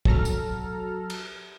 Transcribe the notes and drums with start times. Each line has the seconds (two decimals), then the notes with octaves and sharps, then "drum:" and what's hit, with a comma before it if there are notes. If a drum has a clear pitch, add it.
0.05 F#3 A4 A#5 F6, drum: kick
0.25 drum: tambourine
1.10 drum: cymbal